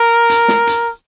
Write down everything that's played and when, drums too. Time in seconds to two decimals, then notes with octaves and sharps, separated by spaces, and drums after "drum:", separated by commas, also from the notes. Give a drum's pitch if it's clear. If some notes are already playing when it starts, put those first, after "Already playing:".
Already playing: A#4
0.30 drum: hi-hat
0.48 drum: snare
0.67 drum: hi-hat